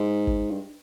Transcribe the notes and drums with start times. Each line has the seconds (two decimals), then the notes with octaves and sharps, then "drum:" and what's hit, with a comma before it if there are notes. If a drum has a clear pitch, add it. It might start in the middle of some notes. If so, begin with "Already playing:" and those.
Already playing: G#2
0.27 drum: kick
0.51 G2